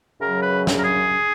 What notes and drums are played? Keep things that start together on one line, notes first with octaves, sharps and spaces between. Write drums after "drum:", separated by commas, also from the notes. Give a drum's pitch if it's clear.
F#2 C#3 F#3 A#4
B4
drum: snare
A#4
G#4